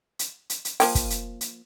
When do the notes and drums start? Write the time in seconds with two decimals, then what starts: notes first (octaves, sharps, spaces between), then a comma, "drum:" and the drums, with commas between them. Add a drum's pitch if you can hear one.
0.19 drum: hi-hat
0.50 drum: hi-hat
0.65 drum: hi-hat
0.80 F3 A#3 G5, drum: open hi-hat
0.95 drum: kick, hi-hat
1.10 drum: hi-hat
1.41 drum: hi-hat